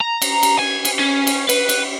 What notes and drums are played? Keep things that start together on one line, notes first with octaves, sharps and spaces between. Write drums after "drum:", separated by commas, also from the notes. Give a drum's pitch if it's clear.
A#5
drum: cymbal
drum: cymbal
G#5
drum: cymbal
C#4
drum: cymbal
B4, drum: cymbal
drum: cymbal